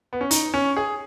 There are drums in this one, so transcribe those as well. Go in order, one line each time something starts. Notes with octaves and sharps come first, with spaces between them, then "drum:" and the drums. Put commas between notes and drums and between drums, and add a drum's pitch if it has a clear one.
B3
C#4
D#4, drum: hi-hat
C#4
G#4